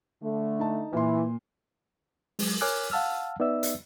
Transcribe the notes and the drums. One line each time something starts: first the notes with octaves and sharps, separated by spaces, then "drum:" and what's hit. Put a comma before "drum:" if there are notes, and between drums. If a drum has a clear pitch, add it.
D3 A3
D#4 A5
A#2 E3 C6
F#3 G#3, drum: open hi-hat
A#4 C#5 G#5 D6 F6 F#6
F5 F#5 A5 E6 F6
B3 D#4 B4 D5 E5 E6
drum: hi-hat